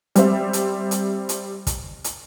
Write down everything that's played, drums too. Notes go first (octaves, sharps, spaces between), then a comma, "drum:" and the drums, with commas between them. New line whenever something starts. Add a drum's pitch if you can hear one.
G3 C4 C5 E5, drum: hi-hat
drum: hi-hat
drum: hi-hat
drum: hi-hat
drum: kick, hi-hat
drum: hi-hat